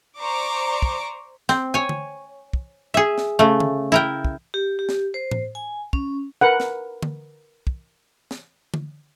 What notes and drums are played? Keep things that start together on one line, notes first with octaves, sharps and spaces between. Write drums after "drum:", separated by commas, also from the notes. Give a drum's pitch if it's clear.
C5 D5 A#5 C#6 D6
drum: kick
C4, drum: snare
C#5 G#5
drum: tom D3
drum: kick
G#4 E5
drum: snare
C#3 A3
drum: tom D3
E4 A#4 G5
drum: kick
G4
G4
drum: snare
C5
drum: tom A2
G#5
C#4, drum: kick
A#4 B4 F#5
drum: snare
drum: tom D3
drum: kick
drum: snare
drum: tom D3